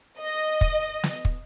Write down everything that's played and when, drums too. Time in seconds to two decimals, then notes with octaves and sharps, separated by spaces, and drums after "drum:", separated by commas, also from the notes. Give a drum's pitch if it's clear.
0.19 D#5
0.61 drum: kick
1.04 drum: snare
1.25 drum: kick